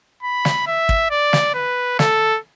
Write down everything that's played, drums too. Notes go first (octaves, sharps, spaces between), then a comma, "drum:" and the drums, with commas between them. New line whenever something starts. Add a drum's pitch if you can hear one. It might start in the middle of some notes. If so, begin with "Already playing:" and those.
B5
drum: snare
E5
drum: kick
D5
drum: snare
B4
A4, drum: snare